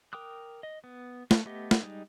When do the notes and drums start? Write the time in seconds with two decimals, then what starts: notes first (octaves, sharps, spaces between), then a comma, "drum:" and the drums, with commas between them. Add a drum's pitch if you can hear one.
0.13 A#4 G5 D6 D#6 F#6
0.63 D#5
0.84 B3
1.31 A3, drum: snare
1.46 A3 B3 G4 D#5
1.71 drum: snare
1.81 G3 G#3 D#4